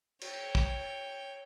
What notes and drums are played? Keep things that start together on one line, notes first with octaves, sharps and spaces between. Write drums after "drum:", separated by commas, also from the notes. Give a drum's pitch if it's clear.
C#5 G5, drum: cymbal
drum: kick